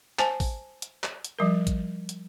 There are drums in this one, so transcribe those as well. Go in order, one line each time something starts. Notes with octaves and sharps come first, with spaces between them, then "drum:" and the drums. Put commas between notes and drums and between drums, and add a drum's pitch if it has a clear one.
C5 G#5 A5, drum: clap
drum: kick, open hi-hat
drum: hi-hat
drum: clap
drum: hi-hat
F3 G3 A#4
drum: kick, hi-hat
drum: hi-hat